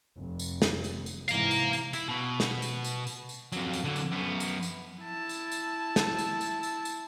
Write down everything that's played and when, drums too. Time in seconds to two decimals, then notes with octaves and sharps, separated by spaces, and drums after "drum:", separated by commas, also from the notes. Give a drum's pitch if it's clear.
0.18 F1
0.39 drum: tambourine
0.62 drum: snare
0.84 drum: tambourine
1.06 drum: tambourine
1.28 G#2 C3 E3 F5 A#5, drum: tambourine
1.51 drum: tambourine
1.73 drum: tambourine
1.93 E4, drum: tambourine
2.09 B2
2.40 drum: snare
2.62 drum: tambourine
2.84 drum: tambourine
3.07 drum: tambourine
3.29 drum: tambourine
3.52 F2 F#3, drum: tambourine
3.73 drum: tambourine
3.84 D3 F#3
3.96 drum: tambourine
4.11 F#2 B3
4.40 drum: tambourine
4.63 drum: tambourine
5.02 E4 A5
5.29 drum: tambourine
5.52 drum: tambourine
5.96 drum: snare
6.18 drum: tambourine
6.41 drum: tambourine
6.63 drum: tambourine
6.85 drum: tambourine